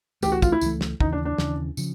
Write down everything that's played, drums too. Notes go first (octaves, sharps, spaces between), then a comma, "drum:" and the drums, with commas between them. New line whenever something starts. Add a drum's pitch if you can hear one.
C#2 C#3 E3 A3 G4, drum: tambourine
F#4
F4, drum: kick, tambourine
E4
C#2 C#3 E3 A3, drum: tambourine
drum: snare
D#2 C#3 E3 D#4, drum: kick
D4
D4
D#2 C#3 E3, drum: snare
C#3 F3, drum: tambourine